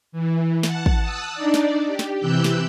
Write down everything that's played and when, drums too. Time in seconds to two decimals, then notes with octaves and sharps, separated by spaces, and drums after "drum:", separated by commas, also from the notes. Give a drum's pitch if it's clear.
0.12 E3
0.63 F#5 A5, drum: snare
0.86 drum: kick
1.02 A5 D#6 E6 F#6
1.34 D4 D#4 D5
1.54 drum: snare
1.87 G4
1.99 drum: snare
2.20 C3 E3 G4 E6 F#6 G6
2.44 drum: snare